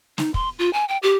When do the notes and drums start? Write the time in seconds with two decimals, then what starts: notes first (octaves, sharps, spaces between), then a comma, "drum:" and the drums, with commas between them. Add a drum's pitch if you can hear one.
0.18 D#4, drum: snare
0.34 C6, drum: kick
0.59 F4
0.73 G#5
0.88 G5
1.03 G4